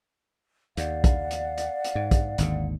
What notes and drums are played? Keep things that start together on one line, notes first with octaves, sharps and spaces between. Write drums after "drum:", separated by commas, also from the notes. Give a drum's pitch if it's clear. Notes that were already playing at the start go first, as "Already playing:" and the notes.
D#2 D5 F5 F#5, drum: hi-hat
drum: kick, hi-hat
drum: hi-hat
drum: hi-hat
drum: hi-hat
G#2
drum: kick, hi-hat
G#1 D#2 D3, drum: hi-hat